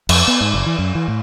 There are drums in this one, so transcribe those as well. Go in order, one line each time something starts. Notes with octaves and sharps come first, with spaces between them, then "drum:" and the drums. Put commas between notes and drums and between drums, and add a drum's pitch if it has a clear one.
F2, drum: cymbal
B3
G#2
F#1
E3
F#2
E3
A2